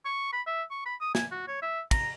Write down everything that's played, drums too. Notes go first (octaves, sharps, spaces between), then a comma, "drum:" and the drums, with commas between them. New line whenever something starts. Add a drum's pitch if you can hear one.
C#6
B5
E5
C#6
B5
D#6
G#5, drum: snare
F#4
C#5
E5
A#5, drum: kick, cymbal